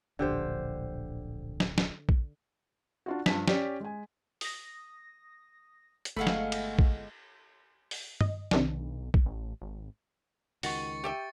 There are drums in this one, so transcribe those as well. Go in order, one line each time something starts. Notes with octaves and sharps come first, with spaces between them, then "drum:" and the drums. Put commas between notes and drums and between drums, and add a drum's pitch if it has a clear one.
D1 A#1 D3 G4 C5
drum: snare
drum: snare
drum: kick A#1
D4 F4 F#4
G2 F3 D4 B6, drum: snare
C#4 G4 D5, drum: snare
G#3 G#5
D#6 A#6, drum: open hi-hat
drum: hi-hat
G1 G#3 A3 A4 F5 F#5 B5
drum: snare
drum: cymbal
drum: kick A#1
drum: open hi-hat
D#5, drum: tom
B1 C3 D#3 D4, drum: snare
drum: kick A#1
A1
G#1
C#2 D#3 F#4 C#6 A6 C#7, drum: open hi-hat
G4 E5 G5